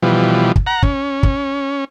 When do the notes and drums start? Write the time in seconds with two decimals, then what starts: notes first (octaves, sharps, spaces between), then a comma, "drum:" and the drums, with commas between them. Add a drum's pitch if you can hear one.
0.02 B2 E3 F3 G3
0.56 drum: kick
0.67 F#5 A#5
0.83 C#4, drum: kick
1.23 drum: kick